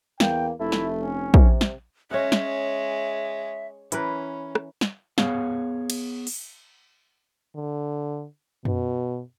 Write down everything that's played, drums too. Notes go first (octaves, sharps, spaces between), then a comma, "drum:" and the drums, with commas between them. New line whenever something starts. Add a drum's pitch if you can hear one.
E2 A#3 G5, drum: snare
F1 A3 E4
drum: snare
C#4
C3, drum: kick
drum: snare
G#3 C#4 C#5 D#5 E5 F#5
drum: snare
E3 C#4 A#4 B4, drum: hi-hat
drum: rim click
drum: snare
B3 G#4 C#5 F5, drum: snare
drum: cymbal
drum: open hi-hat
D3
B2, drum: tom F#2